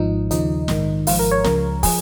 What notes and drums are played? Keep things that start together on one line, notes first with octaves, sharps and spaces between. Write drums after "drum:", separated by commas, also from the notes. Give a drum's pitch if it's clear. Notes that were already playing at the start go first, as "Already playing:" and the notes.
Already playing: G#1 G#2 F3 D#4
D#2 C#3 F3 D#4, drum: hi-hat
A#1 G#2 D#3, drum: snare
G#1 G#2 F3 F4, drum: open hi-hat
A#4
C#5
C#2 C#3 F3 A#4, drum: snare
F3 G#4, drum: kick, open hi-hat